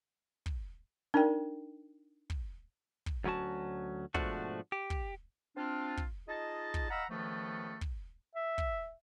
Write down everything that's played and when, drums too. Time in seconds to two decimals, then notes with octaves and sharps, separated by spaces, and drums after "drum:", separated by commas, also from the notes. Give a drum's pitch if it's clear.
0.46 drum: kick
1.14 D4 D#4 A#4 D5 G5
2.30 drum: kick
3.06 drum: kick
3.24 D2 F#3 C#4 F#4 A5
4.14 G#2 B2 F3 A3 D4 F#4, drum: kick
4.72 G4
4.90 drum: kick
5.56 C4 D4 F4
5.97 drum: kick
6.28 D#4 F4 G#4 D#5 A5
6.74 drum: kick
6.90 D#5 F5 F#5 A#5 B5 E6
7.10 C#2 D#3 F3 A3 B3 A4
7.81 drum: kick
8.35 E5
8.58 drum: kick